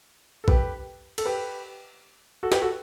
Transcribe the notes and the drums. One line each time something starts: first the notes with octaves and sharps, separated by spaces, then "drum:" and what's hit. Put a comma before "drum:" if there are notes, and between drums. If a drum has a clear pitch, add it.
A4
G4 B4, drum: kick A#1
A4, drum: cymbal
G4 B4
F#4 A4
G4 B4, drum: snare
F#4 A4